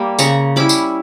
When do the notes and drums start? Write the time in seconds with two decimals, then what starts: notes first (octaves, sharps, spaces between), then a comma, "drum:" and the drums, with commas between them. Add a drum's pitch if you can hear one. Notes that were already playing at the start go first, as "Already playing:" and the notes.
Already playing: G3 A#3
0.19 C#3 A#5 C#6, drum: tambourine
0.56 G3 C#4 E4 B5 D6
0.69 drum: tambourine